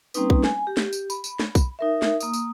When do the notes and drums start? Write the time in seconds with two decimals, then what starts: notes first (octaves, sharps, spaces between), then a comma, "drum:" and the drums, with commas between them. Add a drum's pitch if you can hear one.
0.14 G3 A#3 C4 C#4 D#4 B4, drum: tambourine
0.30 drum: kick B1
0.44 G#5, drum: snare
0.67 G4
0.77 drum: snare
0.93 drum: tambourine
1.10 B5, drum: tambourine
1.24 drum: tambourine
1.40 drum: snare
1.55 drum: kick B1, tambourine
1.79 D#4 A#4 E5
2.02 drum: snare
2.20 A#3 D#6, drum: tambourine
2.33 drum: tambourine